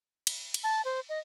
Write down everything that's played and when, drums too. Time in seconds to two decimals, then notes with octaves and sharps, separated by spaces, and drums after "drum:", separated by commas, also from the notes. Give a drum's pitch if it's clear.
0.27 drum: cymbal
0.54 drum: cymbal
0.64 A5
0.85 C5
1.09 D#5